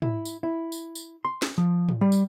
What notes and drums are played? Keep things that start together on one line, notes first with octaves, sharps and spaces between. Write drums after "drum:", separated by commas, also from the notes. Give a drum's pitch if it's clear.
E4, drum: tom
drum: tambourine
E4
drum: tambourine
drum: tambourine
C6
drum: snare
F3
drum: tom
G3
drum: tambourine